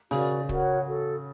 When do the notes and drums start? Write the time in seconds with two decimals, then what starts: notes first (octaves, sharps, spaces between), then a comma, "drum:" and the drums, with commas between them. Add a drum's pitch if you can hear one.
0.11 C#3 F#4 A#4 D5, drum: open hi-hat
0.49 F#4 A#4 C#5 F#5, drum: kick
0.86 F#4 A4